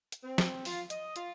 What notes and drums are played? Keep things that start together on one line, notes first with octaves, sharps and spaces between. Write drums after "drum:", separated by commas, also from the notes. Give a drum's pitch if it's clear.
drum: hi-hat
C4
drum: snare
F4, drum: open hi-hat
D#5, drum: hi-hat
F4, drum: hi-hat